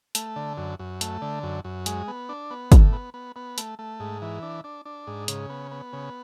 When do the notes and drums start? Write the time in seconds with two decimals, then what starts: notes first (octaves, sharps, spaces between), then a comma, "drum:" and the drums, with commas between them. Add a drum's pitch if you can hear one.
0.15 A3, drum: hi-hat
0.36 D3
0.58 F#2
0.79 F#2
1.01 A3, drum: hi-hat
1.22 D3
1.43 F#2
1.65 F#2
1.86 G#3, drum: hi-hat
2.08 B3
2.29 D4
2.51 B3
2.72 A2, drum: kick, hi-hat
2.93 B3
3.14 B3
3.36 B3
3.58 A3, drum: hi-hat
3.79 A3
4.00 G#2
4.22 E3
4.43 D4
4.64 D4
4.85 D4
5.07 G#2
5.28 C#3, drum: hi-hat
5.50 B3
5.71 B3
5.93 C#3